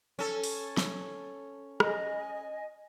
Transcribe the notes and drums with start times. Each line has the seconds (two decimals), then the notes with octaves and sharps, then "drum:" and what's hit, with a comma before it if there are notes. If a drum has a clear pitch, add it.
0.19 C#4 A4
0.44 drum: open hi-hat
0.77 drum: snare
1.80 D#5 G#5, drum: rim click